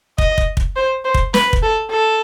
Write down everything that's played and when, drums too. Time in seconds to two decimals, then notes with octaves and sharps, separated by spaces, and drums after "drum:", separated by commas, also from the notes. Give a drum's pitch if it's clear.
0.18 D#5, drum: kick
0.38 drum: kick
0.57 drum: kick
0.76 C5
1.05 C5
1.14 drum: kick
1.34 B4, drum: snare
1.53 drum: kick
1.63 A4
1.91 A4